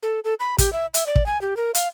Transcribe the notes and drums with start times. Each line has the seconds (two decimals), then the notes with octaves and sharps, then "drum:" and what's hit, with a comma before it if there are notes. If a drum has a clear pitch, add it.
0.03 A4
0.24 A4
0.40 B5
0.58 G4, drum: kick, hi-hat
0.73 E5
0.94 E5, drum: hi-hat
1.06 D5
1.16 drum: kick
1.26 G#5
1.41 G4
1.57 A#4
1.75 F5, drum: hi-hat